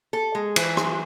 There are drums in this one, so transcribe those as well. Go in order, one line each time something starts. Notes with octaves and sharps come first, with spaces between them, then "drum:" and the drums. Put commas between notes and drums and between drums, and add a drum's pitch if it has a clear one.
A4
G#3
E3, drum: cymbal
drum: rim click